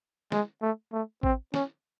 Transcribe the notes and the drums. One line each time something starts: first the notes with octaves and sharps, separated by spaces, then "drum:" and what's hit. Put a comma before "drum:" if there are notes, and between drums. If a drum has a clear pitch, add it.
G#3, drum: snare
A3
A3
C4, drum: kick A1
C#4, drum: snare